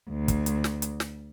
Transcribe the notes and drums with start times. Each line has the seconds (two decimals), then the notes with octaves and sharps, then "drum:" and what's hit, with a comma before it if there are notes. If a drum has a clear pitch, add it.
0.10 D2
0.28 drum: kick, hi-hat
0.46 drum: hi-hat
0.64 drum: snare
0.82 drum: hi-hat
1.00 drum: snare